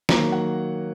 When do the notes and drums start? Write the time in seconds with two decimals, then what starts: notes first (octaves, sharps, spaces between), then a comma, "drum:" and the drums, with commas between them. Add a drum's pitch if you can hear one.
0.09 D#3 F#3 A#3 A#5, drum: snare
0.32 F#5